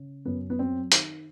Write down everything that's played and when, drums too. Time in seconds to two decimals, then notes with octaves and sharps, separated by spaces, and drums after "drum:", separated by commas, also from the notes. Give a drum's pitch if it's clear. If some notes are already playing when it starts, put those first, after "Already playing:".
Already playing: C#3
0.25 F#2 B3
0.50 B3
0.59 F#3 C4
0.92 D#3, drum: hi-hat